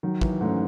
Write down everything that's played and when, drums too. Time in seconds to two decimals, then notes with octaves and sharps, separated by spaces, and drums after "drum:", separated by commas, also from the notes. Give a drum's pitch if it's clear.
0.03 D#3 F#3
0.21 E3, drum: kick
0.41 G#2 A3 C#4